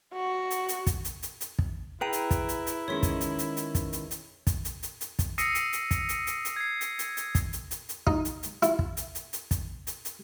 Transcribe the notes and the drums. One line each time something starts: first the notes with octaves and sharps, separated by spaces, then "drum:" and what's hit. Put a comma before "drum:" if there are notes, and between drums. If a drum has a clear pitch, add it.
F#4
drum: hi-hat
drum: hi-hat
drum: kick, hi-hat
drum: hi-hat
drum: hi-hat
drum: hi-hat
drum: kick
E4 G#4 B4 G5 A#5 C7 D#7
drum: hi-hat
drum: kick, hi-hat
drum: hi-hat
drum: hi-hat
D#3 G#3 C#4 C#5 C6 B6
drum: kick, hi-hat
drum: hi-hat
drum: hi-hat
drum: hi-hat
drum: kick, hi-hat
drum: hi-hat
drum: hi-hat
drum: kick, hi-hat
drum: hi-hat
drum: hi-hat
drum: hi-hat
drum: kick, hi-hat
D#6 E6 A#6 C7 C#7 D#7, drum: hi-hat
drum: hi-hat
drum: hi-hat
drum: kick, hi-hat
drum: hi-hat
drum: hi-hat
drum: hi-hat
G#6 C7
drum: hi-hat
drum: hi-hat
drum: hi-hat
drum: kick, hi-hat
drum: hi-hat
drum: hi-hat
drum: hi-hat
D#4, drum: kick
drum: hi-hat
drum: hi-hat
E4, drum: hi-hat
drum: kick
drum: hi-hat
drum: hi-hat
drum: hi-hat
drum: kick, hi-hat
drum: hi-hat
drum: hi-hat